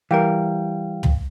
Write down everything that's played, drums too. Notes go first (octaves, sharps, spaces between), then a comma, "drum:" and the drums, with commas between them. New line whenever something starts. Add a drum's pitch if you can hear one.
E3 G3 A#4 F5 G5
drum: tom